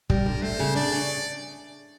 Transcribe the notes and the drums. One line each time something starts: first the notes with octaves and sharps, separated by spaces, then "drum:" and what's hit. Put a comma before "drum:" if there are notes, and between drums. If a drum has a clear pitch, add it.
G3 A#4, drum: kick
D3
A3 C5
C#3
D4 D5
C#3